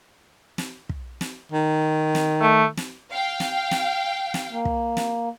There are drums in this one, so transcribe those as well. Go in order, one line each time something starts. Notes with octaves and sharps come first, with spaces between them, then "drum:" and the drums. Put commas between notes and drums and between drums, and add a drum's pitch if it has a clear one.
drum: snare
drum: kick
drum: snare
D#3
drum: snare
A3
drum: snare
F5 G5
drum: snare
drum: snare
drum: snare
A#3
drum: kick
drum: snare